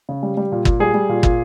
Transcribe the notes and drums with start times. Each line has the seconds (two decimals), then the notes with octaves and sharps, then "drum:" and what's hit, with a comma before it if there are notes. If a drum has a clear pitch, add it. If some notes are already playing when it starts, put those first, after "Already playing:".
0.09 C#3
0.23 G3
0.37 G3
0.52 A#2
0.65 A#2, drum: kick
0.80 G3 G#4
0.94 G3
1.09 A#2
1.23 A#2, drum: kick